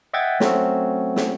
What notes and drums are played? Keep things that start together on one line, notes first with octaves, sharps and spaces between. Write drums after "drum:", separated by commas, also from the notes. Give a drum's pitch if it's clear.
D#5 E5 F#5 G5 G#6 A6
F#3 A3 C4 C#4 F#4 A4, drum: snare
drum: snare